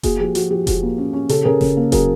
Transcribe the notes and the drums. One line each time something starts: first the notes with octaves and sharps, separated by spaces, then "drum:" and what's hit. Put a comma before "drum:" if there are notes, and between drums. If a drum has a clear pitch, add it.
A#3 F#4 G#4, drum: kick F1, hi-hat
F3 G4
F3 F#4, drum: hi-hat
F3 G4
F3 F#4 G#4, drum: kick F1, hi-hat
A#3
C#4
C#4
C#3 G4 A4, drum: hi-hat
C#3 G#4 A#4
C#3, drum: snare F1
A#3
F#3 G#4 A#4, drum: kick F1, hi-hat